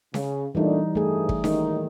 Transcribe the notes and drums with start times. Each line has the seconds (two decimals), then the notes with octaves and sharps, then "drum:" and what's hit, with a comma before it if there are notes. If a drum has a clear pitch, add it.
0.14 C#3, drum: snare C#4
0.55 A#2 E3 G3 A3 D4 D#4
0.95 G2 A3 G#4
1.29 drum: kick
1.44 D#2 A2 D#3 D#4, drum: snare C#4